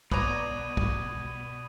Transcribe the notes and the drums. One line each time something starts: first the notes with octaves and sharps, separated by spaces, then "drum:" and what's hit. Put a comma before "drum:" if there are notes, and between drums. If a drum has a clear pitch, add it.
B2 B4 C#5 D5 A#5 D#6 G#6 D#7, drum: kick
drum: kick